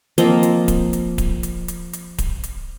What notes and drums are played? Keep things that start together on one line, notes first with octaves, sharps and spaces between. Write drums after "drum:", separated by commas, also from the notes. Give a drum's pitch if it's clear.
F3 A#3 C4 D#5, drum: hi-hat
drum: hi-hat
drum: kick D1, hi-hat
drum: hi-hat
drum: kick D1, hi-hat
drum: hi-hat
drum: hi-hat
drum: hi-hat
drum: kick D1, hi-hat
drum: hi-hat